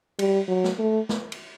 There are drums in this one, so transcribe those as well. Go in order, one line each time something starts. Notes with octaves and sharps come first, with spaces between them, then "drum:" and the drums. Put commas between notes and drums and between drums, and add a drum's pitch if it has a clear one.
G3, drum: cymbal
F#3
drum: snare
A3
drum: snare
drum: cymbal